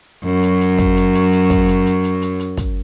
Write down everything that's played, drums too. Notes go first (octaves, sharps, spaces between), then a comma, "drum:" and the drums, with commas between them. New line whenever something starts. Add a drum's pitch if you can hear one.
F#2 F#3
drum: hi-hat
drum: hi-hat
drum: kick, hi-hat
drum: hi-hat
drum: hi-hat
drum: hi-hat
drum: kick, hi-hat
drum: hi-hat
drum: hi-hat
drum: hi-hat
drum: hi-hat
drum: hi-hat
drum: kick, hi-hat